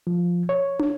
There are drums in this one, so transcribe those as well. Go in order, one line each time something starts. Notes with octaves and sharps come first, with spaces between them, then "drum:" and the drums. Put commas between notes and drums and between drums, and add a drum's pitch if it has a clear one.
F3
C#5
drum: tom